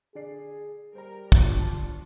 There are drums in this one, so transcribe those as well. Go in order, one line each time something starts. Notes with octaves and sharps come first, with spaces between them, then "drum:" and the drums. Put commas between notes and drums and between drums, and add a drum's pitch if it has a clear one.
D3 G#4 D5 C7
G3 A#4 C5 A#5
G2 B2 D3 F#3 D4 F4, drum: kick
A5